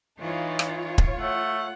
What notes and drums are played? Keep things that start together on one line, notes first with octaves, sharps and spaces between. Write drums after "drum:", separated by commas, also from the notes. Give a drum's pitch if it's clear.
E3 D#4 F4 C#5
drum: rim click
drum: kick
A3 F#5